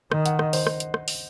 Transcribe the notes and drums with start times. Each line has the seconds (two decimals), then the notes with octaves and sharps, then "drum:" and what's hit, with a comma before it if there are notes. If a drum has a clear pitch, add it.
0.12 D#3 D#5, drum: rim click
0.26 F#5, drum: hi-hat
0.39 D#5, drum: rim click
0.53 C5, drum: open hi-hat
0.67 drum: rim click
0.80 drum: hi-hat
0.94 drum: rim click
1.08 drum: open hi-hat